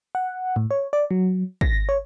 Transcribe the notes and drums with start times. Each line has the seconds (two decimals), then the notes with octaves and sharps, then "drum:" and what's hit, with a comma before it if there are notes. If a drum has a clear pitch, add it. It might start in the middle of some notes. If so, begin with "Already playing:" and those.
0.15 F#5
0.56 A2
0.71 C#5
0.93 D5
1.11 F#3
1.61 A#6, drum: kick
1.89 C#5